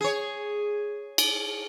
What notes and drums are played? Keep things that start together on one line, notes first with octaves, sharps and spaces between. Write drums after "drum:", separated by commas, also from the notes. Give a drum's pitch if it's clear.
G#4 C#5
drum: cymbal